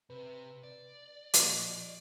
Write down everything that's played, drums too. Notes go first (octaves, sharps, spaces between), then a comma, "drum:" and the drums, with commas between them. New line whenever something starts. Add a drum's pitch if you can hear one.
C3 B4
D5
A#2 F3 D#5, drum: hi-hat